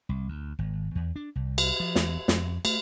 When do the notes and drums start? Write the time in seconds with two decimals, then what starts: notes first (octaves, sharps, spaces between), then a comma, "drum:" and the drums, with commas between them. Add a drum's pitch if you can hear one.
0.09 C2
0.28 D2
0.59 G#1
0.95 E2
1.16 D4
1.36 C2
1.58 drum: cymbal
1.80 F3
1.95 E2, drum: snare
2.28 F2, drum: snare
2.65 A3, drum: cymbal